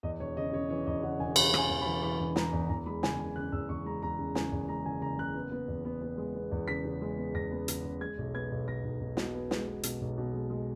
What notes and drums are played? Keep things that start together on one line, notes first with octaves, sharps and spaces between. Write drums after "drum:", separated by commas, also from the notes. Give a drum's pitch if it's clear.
E2 D#5
E1 C#5
C#3 D#5
C#3 C#5
E3 C#5
E2 D#5
C#3 F#5
E1 G#5
E3 B5, drum: cymbal
C#3 G#5, drum: rim click
E1
B5
E3
E3 B5
E1
C#3 A#5, drum: snare
E2
E2 A#5
G#3 B5
F#1 G#5, drum: snare
F#1 G#5
C#3 F#6
E2 E6
E2 C#6
G#3 A#5
E2 A#5
C#3
F#1 G#5, drum: snare
E2
G#3 A#5
F#1 G#5
F#1 A#5
F#1 F#6
B3
B3
E2
B3
B3
G#3
B3
E2
C#3 B6
C#3
G#3
B3
E2 A#6
B3
C#3, drum: hi-hat
C#3
G#3 G#6
B1
B3 G#6
B1
B1 A#6
B1
B1
B2, drum: snare
B3
G#3, drum: snare
B3
B2, drum: hi-hat
B1
B2
G#3
G#3